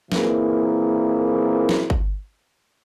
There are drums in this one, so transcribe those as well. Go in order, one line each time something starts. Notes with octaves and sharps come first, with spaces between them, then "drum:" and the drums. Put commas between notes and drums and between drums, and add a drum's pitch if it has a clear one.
A#2 E3 A#3 C4 E4 G#4, drum: snare
drum: snare
drum: kick G1